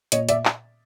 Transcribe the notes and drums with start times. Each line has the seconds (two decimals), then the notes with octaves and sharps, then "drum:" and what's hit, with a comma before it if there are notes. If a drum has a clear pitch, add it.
0.12 A#2 C#5 D#5, drum: hi-hat
0.29 D5 E5, drum: hi-hat
0.45 drum: clap